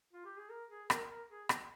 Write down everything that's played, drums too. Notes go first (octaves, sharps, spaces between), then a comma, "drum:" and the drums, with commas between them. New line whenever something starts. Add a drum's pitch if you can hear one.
F4
G4
G#4
A#4
G#4
A#4, drum: rim click
A#4
G#4
drum: rim click